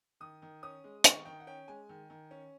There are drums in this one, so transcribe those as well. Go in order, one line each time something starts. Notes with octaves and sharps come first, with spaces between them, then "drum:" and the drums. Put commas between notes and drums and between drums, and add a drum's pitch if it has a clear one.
D#3 D#6
D#3
C#4 D#6
G#3
D#3 C#6, drum: hi-hat
D#3 G5
F#5
C#4 G5
G#3 G#5
D#3
D#3
C#4